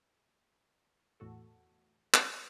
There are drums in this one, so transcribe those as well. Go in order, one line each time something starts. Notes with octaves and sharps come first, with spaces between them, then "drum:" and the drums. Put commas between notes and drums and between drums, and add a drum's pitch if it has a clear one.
E2 A2 F#4 A4
drum: clap